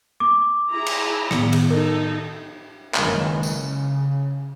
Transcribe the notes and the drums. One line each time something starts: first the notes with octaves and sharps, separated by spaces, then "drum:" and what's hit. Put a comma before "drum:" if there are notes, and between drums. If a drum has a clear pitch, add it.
D6
E4 G#4 A#5
drum: cymbal
A2 D#3 B3, drum: rim click
drum: cymbal
D#4 A4 A#4
F#1 F#2 D#3 E3 G#3 A#3, drum: clap
C#3, drum: tambourine